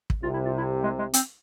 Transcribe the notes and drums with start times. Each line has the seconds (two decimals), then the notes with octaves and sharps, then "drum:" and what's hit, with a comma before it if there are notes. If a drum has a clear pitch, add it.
0.10 drum: kick
0.23 C2 C3 F4
0.34 E4
0.45 F4
0.58 E4
0.84 G#3
0.99 G#3
1.14 C4, drum: hi-hat